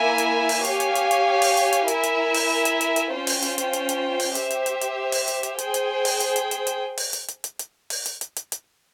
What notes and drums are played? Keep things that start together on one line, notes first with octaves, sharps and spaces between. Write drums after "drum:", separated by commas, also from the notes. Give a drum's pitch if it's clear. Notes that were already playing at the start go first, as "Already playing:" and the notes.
Already playing: A#3 E4 A#4 E5 G#5
drum: hi-hat
drum: open hi-hat
G4 C#5 F5 G#5, drum: hi-hat
drum: hi-hat
drum: hi-hat
drum: hi-hat
drum: open hi-hat
drum: hi-hat
drum: hi-hat
E4 A#4 E5 G#5, drum: hi-hat
drum: hi-hat
drum: open hi-hat
drum: hi-hat
drum: hi-hat
drum: hi-hat
C#4 F4 C5 G5
drum: open hi-hat
drum: hi-hat
drum: hi-hat
drum: hi-hat
drum: hi-hat
drum: open hi-hat
G4 C5 E5, drum: hi-hat
drum: hi-hat
drum: hi-hat
drum: hi-hat
drum: open hi-hat
drum: hi-hat
drum: hi-hat
G#4 C5 G5, drum: hi-hat
drum: hi-hat
drum: open hi-hat
drum: hi-hat
drum: hi-hat
drum: hi-hat
drum: hi-hat
drum: open hi-hat
drum: hi-hat
drum: hi-hat
drum: hi-hat
drum: hi-hat
drum: open hi-hat
drum: hi-hat
drum: hi-hat
drum: hi-hat
drum: hi-hat